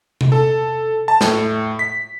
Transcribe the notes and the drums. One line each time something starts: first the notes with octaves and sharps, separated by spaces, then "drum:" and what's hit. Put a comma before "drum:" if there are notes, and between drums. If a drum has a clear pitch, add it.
drum: tom C3
A4
A5
A2, drum: snare
B6